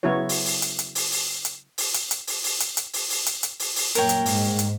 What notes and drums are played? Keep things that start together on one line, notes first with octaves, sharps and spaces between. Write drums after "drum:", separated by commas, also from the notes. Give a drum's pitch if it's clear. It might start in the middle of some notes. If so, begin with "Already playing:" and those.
C#3 F#3 B3 E4 F#4 C#5
drum: open hi-hat
drum: open hi-hat
drum: hi-hat
drum: hi-hat
drum: open hi-hat
drum: open hi-hat
drum: hi-hat
drum: open hi-hat
drum: hi-hat
drum: hi-hat
drum: open hi-hat
drum: open hi-hat
drum: hi-hat
drum: hi-hat
drum: open hi-hat
drum: open hi-hat
drum: hi-hat
drum: hi-hat
drum: open hi-hat
drum: open hi-hat
F#2 A#2 A#4 C#5 G5, drum: hi-hat
drum: hi-hat
G#2, drum: open hi-hat
drum: hi-hat